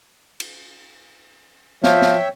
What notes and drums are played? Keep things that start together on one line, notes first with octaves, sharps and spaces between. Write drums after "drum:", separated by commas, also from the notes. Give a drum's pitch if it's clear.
drum: cymbal
F3 C#5 E5 G5, drum: snare
drum: snare